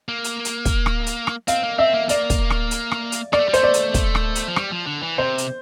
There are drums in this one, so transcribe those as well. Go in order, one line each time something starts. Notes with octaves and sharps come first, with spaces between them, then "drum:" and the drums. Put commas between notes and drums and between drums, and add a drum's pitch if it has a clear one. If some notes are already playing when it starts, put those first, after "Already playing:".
A#3
drum: hi-hat
drum: hi-hat
drum: kick, hi-hat
drum: rim click
drum: hi-hat
drum: rim click
C4 F5, drum: hi-hat
A#3
C4 E5
A#3
A#3 D5, drum: hi-hat
drum: kick, hi-hat
drum: rim click
drum: hi-hat
drum: rim click
drum: hi-hat
A#3 D5, drum: rim click
A3
G3
A3 C5, drum: hi-hat
D5
drum: hi-hat
drum: kick, hi-hat
drum: rim click
drum: hi-hat
F3
G3, drum: rim click
F3
D3
E3
C3 C5
drum: hi-hat